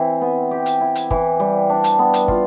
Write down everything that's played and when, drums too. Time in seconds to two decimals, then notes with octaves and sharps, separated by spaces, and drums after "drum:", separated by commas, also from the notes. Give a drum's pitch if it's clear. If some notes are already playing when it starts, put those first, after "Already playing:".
Already playing: E3 C4 E4
0.21 B3
0.51 G4
0.66 drum: hi-hat
0.81 E4
0.95 drum: hi-hat
1.11 E3, drum: kick
1.40 G3
1.70 D4
1.84 drum: hi-hat
1.99 B3
2.14 drum: hi-hat
2.28 F4, drum: kick